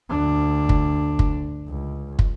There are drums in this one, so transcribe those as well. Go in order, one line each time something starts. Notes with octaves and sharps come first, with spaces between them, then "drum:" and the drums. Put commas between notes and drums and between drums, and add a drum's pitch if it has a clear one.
D2 D4
drum: kick
drum: kick
C#2
drum: kick